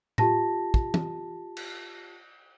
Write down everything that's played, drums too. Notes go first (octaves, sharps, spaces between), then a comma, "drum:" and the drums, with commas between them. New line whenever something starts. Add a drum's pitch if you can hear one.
F4 G4 A5 A#6, drum: tom A2
drum: kick
drum: tom
drum: cymbal